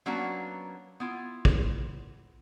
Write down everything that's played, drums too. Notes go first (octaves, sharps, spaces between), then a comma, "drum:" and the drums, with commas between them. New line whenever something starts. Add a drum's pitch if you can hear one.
F#3 A#3 B3 C#4 D4 F#4
B3 E4 F4
drum: kick